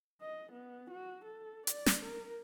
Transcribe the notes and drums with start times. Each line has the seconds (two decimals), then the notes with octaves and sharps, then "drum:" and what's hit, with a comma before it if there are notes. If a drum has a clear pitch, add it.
0.22 D#5
0.52 B3
0.90 F#4
1.25 A4
1.67 D5, drum: hi-hat
1.86 drum: snare
2.03 A#4